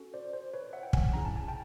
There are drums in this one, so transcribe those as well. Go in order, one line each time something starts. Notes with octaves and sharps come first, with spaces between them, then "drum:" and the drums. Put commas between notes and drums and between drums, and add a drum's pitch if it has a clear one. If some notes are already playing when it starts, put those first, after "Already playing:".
Already playing: C#4 F#4 A4
C5 D5
C5
B4 C#5
E5 F#5
G5
F#5 G#5, drum: kick
C#4 E4 G#4 A#5
A5
G#5
G5 A5